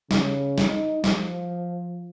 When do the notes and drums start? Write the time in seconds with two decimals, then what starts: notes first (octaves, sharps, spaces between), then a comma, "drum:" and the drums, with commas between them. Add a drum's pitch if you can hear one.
0.11 C#3, drum: snare
0.58 drum: snare
0.67 D#4
1.04 F3, drum: snare